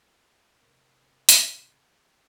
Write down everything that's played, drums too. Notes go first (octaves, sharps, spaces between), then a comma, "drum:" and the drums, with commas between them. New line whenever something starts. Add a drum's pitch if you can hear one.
C3 A#4
drum: hi-hat